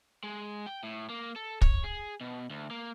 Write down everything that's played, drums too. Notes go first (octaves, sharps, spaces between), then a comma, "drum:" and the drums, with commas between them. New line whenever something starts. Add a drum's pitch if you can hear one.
G#3
G5
A2
A#3
A4
C#5, drum: kick
G#4
B2
D2
A#3